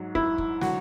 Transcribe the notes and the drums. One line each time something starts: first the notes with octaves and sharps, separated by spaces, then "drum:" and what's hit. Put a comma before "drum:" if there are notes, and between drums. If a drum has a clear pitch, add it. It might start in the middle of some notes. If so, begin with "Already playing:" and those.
Already playing: G#2 F#3
E4, drum: kick
drum: kick
D3 F#3 F#4, drum: snare